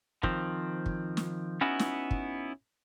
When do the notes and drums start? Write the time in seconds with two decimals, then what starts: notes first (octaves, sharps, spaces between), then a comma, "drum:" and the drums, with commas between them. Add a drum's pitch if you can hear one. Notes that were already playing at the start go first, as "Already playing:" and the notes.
0.23 D#3 F3 C4, drum: kick
0.86 drum: kick
1.17 drum: snare
1.61 B3 C#4 D#4 E4 F#4
1.79 drum: snare
2.11 drum: kick